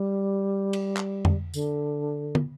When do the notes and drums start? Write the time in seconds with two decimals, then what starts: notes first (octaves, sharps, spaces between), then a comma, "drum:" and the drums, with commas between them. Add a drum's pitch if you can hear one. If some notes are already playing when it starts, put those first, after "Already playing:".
Already playing: G3
0.73 drum: cymbal
0.97 drum: clap
1.25 drum: tom F2
1.54 D3, drum: tambourine
2.35 drum: tom